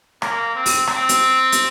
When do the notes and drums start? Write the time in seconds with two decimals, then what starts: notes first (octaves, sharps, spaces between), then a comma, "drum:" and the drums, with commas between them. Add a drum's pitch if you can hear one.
0.22 A#3, drum: rim click
0.55 C4
0.66 drum: open hi-hat
0.87 C4, drum: rim click
1.09 drum: hi-hat
1.52 drum: hi-hat